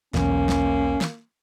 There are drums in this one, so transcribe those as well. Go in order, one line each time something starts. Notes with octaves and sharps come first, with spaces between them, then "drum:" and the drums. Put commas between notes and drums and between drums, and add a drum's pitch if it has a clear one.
B1 E2 A#3 C#4, drum: snare
drum: snare
drum: snare